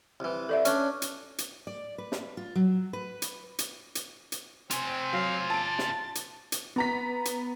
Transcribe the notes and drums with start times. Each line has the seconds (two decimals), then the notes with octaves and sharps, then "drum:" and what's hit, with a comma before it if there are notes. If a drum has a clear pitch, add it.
0.20 C2 E3
0.49 A4 D5 E5
0.65 C#4 D4, drum: hi-hat
1.02 drum: hi-hat
1.38 drum: hi-hat
1.67 D5
1.98 B4
2.12 drum: snare
2.37 F4
2.55 F#3
2.93 B4
3.22 drum: hi-hat
3.59 drum: hi-hat
3.95 drum: hi-hat
4.32 drum: hi-hat
4.71 C4 F4 G#5, drum: hi-hat
5.13 F#3 F5
5.50 A5 A6 D7
5.79 drum: snare
6.15 drum: hi-hat
6.52 drum: hi-hat
6.76 B3 A#5 B6
7.25 drum: hi-hat